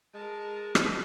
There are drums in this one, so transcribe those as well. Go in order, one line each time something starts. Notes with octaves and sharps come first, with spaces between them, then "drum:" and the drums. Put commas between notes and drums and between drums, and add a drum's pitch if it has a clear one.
G#3 A#4 A5
drum: rim click